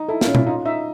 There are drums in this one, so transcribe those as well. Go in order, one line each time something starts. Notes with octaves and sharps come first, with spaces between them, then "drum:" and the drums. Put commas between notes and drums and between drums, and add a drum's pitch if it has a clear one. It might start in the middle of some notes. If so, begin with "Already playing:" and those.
Already playing: D#4
E4 A4
F4, drum: snare
C#4
E4, drum: tom B2
D#4 F4
D#4 E5